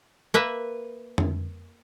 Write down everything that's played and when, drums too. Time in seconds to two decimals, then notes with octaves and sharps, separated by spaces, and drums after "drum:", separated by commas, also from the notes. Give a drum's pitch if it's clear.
0.34 A#3 B4 E5
1.18 drum: tom F2